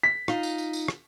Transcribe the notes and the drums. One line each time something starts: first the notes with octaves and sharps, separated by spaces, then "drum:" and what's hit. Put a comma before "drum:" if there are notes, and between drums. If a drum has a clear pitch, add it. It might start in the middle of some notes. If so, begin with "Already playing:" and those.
B6
D#4 F4 F5, drum: rim click
drum: tambourine
drum: tambourine
drum: tambourine
drum: rim click